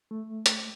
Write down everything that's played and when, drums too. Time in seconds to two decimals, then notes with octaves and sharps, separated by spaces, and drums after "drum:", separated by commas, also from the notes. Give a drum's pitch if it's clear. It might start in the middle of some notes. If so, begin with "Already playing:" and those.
0.11 A3
0.46 drum: hi-hat